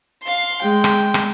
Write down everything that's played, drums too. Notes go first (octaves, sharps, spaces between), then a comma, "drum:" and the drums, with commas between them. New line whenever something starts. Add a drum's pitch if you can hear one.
F5 C6
G#3 G5
drum: rim click
drum: rim click